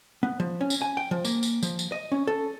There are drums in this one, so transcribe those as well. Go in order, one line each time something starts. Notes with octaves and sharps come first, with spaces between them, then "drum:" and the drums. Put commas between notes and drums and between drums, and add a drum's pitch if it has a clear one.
B3
F3
C#4
drum: tambourine
G#5
G5
F3
A#3, drum: tambourine
drum: tambourine
F3, drum: tambourine
drum: tambourine
D#5
C#4
A4